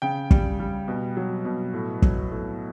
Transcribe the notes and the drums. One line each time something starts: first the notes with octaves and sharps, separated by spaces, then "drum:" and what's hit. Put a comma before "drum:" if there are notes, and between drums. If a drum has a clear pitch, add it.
C#3 G5
G3, drum: kick
G3
B2
F#3
B2
A2
F#3, drum: kick
A2